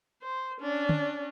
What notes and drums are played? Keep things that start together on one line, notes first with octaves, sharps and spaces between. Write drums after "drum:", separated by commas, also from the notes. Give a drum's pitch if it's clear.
C5
C#4 D4
drum: tom